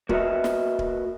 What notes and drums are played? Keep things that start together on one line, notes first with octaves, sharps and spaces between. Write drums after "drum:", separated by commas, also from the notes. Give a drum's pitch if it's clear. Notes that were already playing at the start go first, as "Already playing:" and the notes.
A#3 F#4 B4 D#5 E5, drum: kick
drum: snare
drum: kick